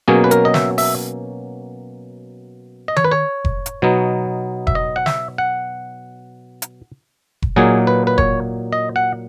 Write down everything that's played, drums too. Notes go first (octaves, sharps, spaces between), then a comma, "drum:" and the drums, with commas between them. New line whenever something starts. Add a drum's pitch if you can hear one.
B2 F#3 A#3 C#4 G#4
B4
A#4, drum: hi-hat
D#5
E5, drum: snare
E5, drum: open hi-hat
D#5
C#5, drum: tom D#3
B4
C#5
drum: kick F1
drum: hi-hat
B2 F#3 B3 D#4
E5, drum: kick F1
D#5
F#5
E5, drum: snare
F#5
drum: hi-hat
drum: kick F1
A#2 F#3 A#3 D#4 G#4
B4
B4
C#5, drum: kick F1
D#5
F#5